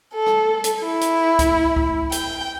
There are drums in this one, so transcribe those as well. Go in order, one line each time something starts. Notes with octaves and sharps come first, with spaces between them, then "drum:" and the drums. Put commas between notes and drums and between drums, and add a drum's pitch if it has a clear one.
A4
drum: rim click
drum: hi-hat
E4
drum: hi-hat
drum: kick C#2, hi-hat
drum: kick C#2
G5, drum: hi-hat